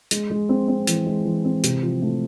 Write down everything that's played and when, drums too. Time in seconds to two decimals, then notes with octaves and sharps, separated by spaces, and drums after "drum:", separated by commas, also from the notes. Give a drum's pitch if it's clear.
0.11 G#3, drum: hi-hat
0.30 G#3
0.49 C4
0.68 C4
0.87 E3, drum: hi-hat
1.06 G#3
1.25 E3
1.45 C4
1.64 C3, drum: hi-hat
1.83 F3
2.02 A3